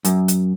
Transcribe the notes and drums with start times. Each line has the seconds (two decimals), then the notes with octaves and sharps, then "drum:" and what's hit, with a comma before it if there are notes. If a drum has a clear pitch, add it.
0.05 F#2, drum: hi-hat
0.28 drum: hi-hat